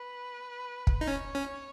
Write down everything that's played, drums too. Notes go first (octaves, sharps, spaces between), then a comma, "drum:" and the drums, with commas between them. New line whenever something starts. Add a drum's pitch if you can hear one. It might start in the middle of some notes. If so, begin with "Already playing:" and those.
Already playing: B4
drum: kick
D#4
C#4 C#5
C#4